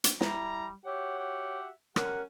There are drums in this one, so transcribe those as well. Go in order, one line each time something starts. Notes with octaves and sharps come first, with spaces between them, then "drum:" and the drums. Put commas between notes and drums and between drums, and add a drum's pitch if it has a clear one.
drum: hi-hat
G3 E4 A#5, drum: snare
F#4 G4 C#5 E5 F#5
G4
G3 C#4 G4 A#4 F#5, drum: rim click